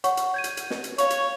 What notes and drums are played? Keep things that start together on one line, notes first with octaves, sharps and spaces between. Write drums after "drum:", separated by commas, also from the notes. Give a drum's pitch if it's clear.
C#5 F#5 C#6, drum: hi-hat
drum: hi-hat
G6 G#6 D#7
drum: hi-hat
drum: hi-hat
drum: snare
drum: hi-hat
C#5 F5 C#6, drum: hi-hat
drum: hi-hat